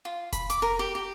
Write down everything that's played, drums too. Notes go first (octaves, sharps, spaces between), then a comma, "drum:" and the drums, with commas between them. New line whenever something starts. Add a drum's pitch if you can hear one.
F4
B5, drum: kick F1, hi-hat
D6, drum: hi-hat
A#4
G4
G4